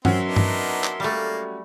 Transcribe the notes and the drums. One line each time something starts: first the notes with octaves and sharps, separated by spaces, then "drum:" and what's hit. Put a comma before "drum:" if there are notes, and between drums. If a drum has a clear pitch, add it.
F#3 C4 C#4 F#4 A#4 E5 C6, drum: tom G2
B3 D4 D#4
drum: tom G2
drum: clap
G3 A3 A#3